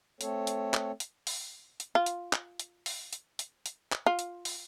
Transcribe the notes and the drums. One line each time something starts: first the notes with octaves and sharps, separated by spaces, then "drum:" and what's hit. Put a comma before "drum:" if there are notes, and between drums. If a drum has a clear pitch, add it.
A3 C4 A4 C#5, drum: hi-hat
drum: hi-hat
drum: clap
drum: hi-hat
drum: open hi-hat
drum: hi-hat
F4
drum: hi-hat
drum: clap
drum: hi-hat
drum: open hi-hat
drum: hi-hat
drum: hi-hat
drum: hi-hat
drum: clap
F4
drum: hi-hat
drum: open hi-hat